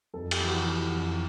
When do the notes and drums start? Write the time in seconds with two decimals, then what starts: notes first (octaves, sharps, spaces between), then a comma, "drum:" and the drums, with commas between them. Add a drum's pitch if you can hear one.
0.14 F2 A4
0.31 G4, drum: cymbal
0.41 E3
0.48 F#4
0.66 E3
0.94 F2